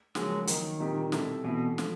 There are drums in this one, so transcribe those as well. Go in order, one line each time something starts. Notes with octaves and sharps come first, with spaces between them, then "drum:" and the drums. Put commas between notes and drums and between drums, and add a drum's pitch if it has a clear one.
C#3 F3 F#3 G#3 A#3, drum: snare
D#3 F#3 A#3 D#4, drum: hi-hat
A#2 G3 C4 D#4 G4
B2 G3 C4 E4 A4, drum: snare
B2 E3 A3 C4 E4
F3 A3, drum: snare